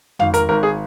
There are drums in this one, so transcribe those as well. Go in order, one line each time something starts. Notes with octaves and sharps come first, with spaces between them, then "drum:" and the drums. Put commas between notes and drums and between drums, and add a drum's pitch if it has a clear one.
G#1 F5, drum: tom
A#4, drum: hi-hat
G#1 A#4
G#4